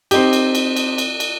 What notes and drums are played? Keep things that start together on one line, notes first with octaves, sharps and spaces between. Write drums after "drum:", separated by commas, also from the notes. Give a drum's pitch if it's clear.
C4 D#4 G4, drum: cymbal
drum: cymbal
drum: cymbal
drum: cymbal
drum: cymbal
drum: cymbal